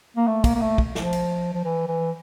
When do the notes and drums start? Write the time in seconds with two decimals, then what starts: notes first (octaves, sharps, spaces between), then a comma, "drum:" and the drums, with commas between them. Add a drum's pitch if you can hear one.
0.17 A#3
0.27 A3
0.44 A#3, drum: kick, cymbal
0.55 A#3
0.61 A3
0.78 drum: kick
0.95 F3, drum: snare
1.13 drum: cymbal
1.54 F3
1.64 E3
1.87 E3